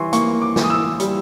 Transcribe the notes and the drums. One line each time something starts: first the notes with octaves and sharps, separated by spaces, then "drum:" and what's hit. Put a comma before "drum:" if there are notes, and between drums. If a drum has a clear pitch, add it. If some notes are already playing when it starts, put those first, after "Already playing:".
Already playing: E3 G3 C6 C#6
A#3 C#6, drum: hi-hat
D6
E3, drum: snare
D#6
E6
G3, drum: hi-hat